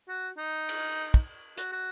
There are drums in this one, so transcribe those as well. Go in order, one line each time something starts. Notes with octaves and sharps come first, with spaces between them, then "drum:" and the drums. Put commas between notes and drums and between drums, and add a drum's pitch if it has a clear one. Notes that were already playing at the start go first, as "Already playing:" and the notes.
F#4
D#4
drum: cymbal
drum: kick
F#4, drum: hi-hat
F#4